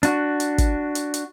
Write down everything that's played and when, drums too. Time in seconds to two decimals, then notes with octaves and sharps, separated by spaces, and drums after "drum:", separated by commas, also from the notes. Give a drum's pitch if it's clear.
0.03 D4 F#4, drum: hi-hat
0.40 drum: hi-hat
0.58 drum: kick, hi-hat
0.95 drum: hi-hat
1.14 drum: hi-hat